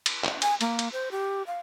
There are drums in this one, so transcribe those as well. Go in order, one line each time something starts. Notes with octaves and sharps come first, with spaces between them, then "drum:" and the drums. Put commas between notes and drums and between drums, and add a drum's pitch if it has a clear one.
drum: cymbal
drum: clap
G#5, drum: cymbal
A#3, drum: cymbal
drum: cymbal
C5
G4
F5